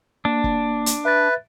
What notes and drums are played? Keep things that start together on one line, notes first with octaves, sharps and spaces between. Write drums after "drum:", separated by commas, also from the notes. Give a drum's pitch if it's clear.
A#3 D4
drum: kick
drum: hi-hat
B4 E5 A6